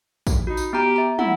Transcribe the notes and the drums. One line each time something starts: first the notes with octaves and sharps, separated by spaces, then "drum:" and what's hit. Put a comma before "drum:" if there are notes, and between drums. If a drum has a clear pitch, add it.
drum: kick A#1, tambourine
D#4 F#4
drum: tambourine
B3 G4 A#5
E5 A#5
E4 F#5, drum: tom